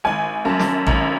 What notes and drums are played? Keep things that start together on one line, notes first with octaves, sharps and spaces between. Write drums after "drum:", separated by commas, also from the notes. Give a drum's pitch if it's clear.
G#1 G#5
F#2 A5
drum: snare
G#1 A#5, drum: kick